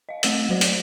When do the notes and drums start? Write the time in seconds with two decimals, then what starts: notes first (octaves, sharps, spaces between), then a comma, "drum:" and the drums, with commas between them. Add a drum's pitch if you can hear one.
0.09 D#5 F5
0.23 A3 C4 D#5 F#5 E6 D#7, drum: hi-hat
0.49 F#3 A3 F#4 C5 D5
0.61 drum: hi-hat